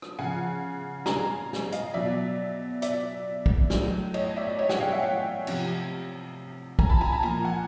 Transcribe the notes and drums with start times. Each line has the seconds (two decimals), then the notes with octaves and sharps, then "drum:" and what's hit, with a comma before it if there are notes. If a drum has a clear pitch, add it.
0.02 drum: rim click
0.19 C#3 F3 F#5 G#5
1.06 G#5 A#5, drum: snare
1.53 drum: snare
1.72 D#5 F5, drum: hi-hat
1.94 B2 F#3 D5 E5
2.82 D5 E5, drum: hi-hat
3.46 drum: kick
3.70 A2 F#3, drum: snare
4.14 C#5 D#5, drum: cymbal
4.36 D5 E5
4.59 C#5 D#5
4.69 F#5 G#5, drum: snare
4.80 F5 G5
4.92 E5 F#5
5.03 F5 G5
5.47 C3 F3, drum: cymbal
6.79 G#5 A#5, drum: kick
6.89 A5 B5
7.01 G#5 A#5
7.12 A5 B5
7.23 A#2 F3 G#5 A#5
7.44 F#5 G#5